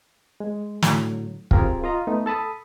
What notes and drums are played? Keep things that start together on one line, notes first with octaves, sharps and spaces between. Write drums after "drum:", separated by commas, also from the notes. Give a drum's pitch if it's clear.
G#3
A2 D3 F#3, drum: snare
C4 F4 G4 G#4 A#4, drum: kick
F4 D#5 A#5
A3 B3 D#4
A4 A5 B5 D#6